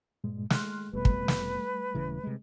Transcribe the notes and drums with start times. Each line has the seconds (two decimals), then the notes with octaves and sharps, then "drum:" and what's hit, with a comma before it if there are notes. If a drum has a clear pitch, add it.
0.24 G2 A#2 G#3
0.50 G#3 C6 F6 F#6, drum: snare
0.93 F1 B2 G3 A3 B4
1.05 drum: kick
1.28 drum: snare
1.95 D#1 C#3 E3
2.23 C3 G#3